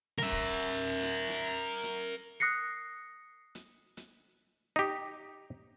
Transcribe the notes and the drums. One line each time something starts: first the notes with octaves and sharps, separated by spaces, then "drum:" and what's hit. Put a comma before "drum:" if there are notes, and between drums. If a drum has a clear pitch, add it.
A#4 E5, drum: snare
drum: kick
drum: hi-hat
drum: open hi-hat
drum: hi-hat
D#6 F#6 A#6 C7 C#7
drum: hi-hat
drum: hi-hat
D#4 G4